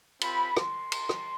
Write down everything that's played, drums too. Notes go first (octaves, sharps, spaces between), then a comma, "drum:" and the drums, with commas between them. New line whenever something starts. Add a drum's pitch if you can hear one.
C4 F4 B5, drum: cymbal
C6, drum: rim click
drum: cymbal
drum: rim click